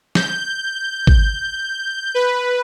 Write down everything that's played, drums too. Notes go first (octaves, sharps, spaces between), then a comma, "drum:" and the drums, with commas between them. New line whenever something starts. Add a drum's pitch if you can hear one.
G6, drum: snare
drum: kick
B4